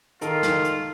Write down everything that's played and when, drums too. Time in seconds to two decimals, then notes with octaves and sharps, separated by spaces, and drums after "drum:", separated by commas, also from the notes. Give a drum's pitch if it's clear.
0.21 D#3 F4 A4 A#4, drum: hi-hat
0.43 drum: snare
0.64 drum: hi-hat